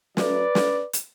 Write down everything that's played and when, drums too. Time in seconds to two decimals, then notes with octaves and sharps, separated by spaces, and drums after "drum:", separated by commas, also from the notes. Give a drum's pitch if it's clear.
0.17 F#3 A3 C#4 B4 D5, drum: snare
0.55 drum: snare
0.93 drum: hi-hat